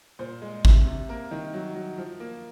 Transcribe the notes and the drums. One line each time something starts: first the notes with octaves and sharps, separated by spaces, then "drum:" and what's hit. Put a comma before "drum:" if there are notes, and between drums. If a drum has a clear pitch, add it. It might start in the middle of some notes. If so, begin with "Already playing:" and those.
A#2 C5
G#3
C3, drum: kick G#1
C3
A#3 A#4
D#3
F#3
F#3
F3
A#3